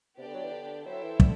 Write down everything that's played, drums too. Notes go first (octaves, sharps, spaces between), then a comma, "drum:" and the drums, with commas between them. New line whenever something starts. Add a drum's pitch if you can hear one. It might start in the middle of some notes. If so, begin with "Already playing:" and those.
C3 B3 D4 G4 D5 G5
D3
F#3
E3
D3
F#3 E4 A4 C5 E5 G5
E3
D3, drum: kick